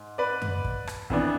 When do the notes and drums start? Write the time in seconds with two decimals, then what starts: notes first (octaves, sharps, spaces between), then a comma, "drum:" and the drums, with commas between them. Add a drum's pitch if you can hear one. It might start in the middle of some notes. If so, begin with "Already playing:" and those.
Already playing: G#2
0.18 B4 D5
0.42 drum: tom F#2
0.65 drum: kick
0.87 drum: rim click
1.10 F2 E3 B3 D4, drum: kick